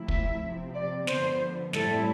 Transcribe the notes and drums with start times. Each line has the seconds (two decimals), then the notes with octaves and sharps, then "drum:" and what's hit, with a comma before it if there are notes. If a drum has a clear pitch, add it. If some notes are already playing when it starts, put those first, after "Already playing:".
Already playing: C3 F3 A3 E4
0.08 E5, drum: kick
0.41 C3 F3 C4
0.75 D5
1.07 D3 F3 B3 C5, drum: snare
1.73 A2 G3 C4 E4 A4, drum: snare